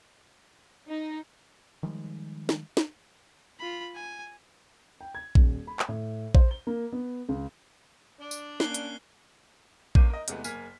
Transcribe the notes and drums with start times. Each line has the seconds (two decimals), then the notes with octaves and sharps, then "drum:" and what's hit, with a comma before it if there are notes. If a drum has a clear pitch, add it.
0.86 D#4
1.83 D#3 F3 G3 G#3
2.49 drum: snare
2.77 drum: snare
3.59 F4 B5
3.95 G#5
5.01 G5
5.15 G#6
5.35 D#1, drum: kick A#1
5.67 B5
5.79 drum: clap
5.89 A2
6.35 C5, drum: kick A#1
6.51 G7
6.67 A#3
6.92 B3
7.29 C#2
8.21 D4 D5
8.31 drum: tambourine
8.60 A#3 C#4 F#6 C7 G7, drum: snare
8.74 drum: hi-hat
9.95 G1 A#3 C#4 D6 G6 D#7, drum: kick A#1
10.10 A#4 D#5
10.28 E2 C3 G#3 A3 B3, drum: hi-hat
10.44 F#1 A#3 G#5 F6 G#6 B6, drum: tambourine